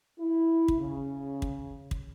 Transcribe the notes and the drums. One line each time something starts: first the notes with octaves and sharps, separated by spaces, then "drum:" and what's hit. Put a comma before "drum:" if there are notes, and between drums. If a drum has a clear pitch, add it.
E4
drum: kick
C#3
drum: kick
drum: kick